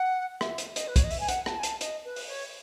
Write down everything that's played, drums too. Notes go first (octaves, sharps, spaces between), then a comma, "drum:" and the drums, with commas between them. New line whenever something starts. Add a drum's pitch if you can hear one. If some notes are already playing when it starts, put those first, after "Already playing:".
Already playing: F#5
E5, drum: rim click
drum: hi-hat
D#5, drum: hi-hat
B4
C#5, drum: kick, hi-hat
D#5
E5, drum: open hi-hat
G#5
F#5, drum: hi-hat
A5, drum: rim click
G#5
A5, drum: hi-hat
D#5, drum: hi-hat
B4
drum: open hi-hat
C#5